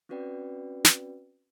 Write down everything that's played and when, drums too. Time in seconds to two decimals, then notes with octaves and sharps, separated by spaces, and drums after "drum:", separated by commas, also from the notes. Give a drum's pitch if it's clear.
0.09 C4 C#4 F#4 B4 D5 G5
0.85 drum: snare